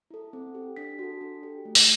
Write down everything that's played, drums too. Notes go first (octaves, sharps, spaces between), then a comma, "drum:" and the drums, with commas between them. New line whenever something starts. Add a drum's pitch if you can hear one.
E4 A4
C4
G4
D4 B6
F#4 A4
D4
G4
A3
drum: open hi-hat